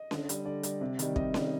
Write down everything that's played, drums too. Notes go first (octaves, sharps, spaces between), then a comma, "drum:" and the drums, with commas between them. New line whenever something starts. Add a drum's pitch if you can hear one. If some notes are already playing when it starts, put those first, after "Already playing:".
Already playing: D#5
D3, drum: snare C#4
G3, drum: hi-hat
D3 D5
G3, drum: hi-hat
C3
D#3 G3, drum: hi-hat
C3 D#5, drum: kick
D#3 G3, drum: snare C#4